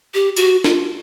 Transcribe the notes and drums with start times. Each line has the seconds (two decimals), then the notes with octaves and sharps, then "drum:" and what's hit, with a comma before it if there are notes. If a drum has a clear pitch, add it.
0.14 G4
0.36 F#4, drum: tambourine
0.64 F4, drum: snare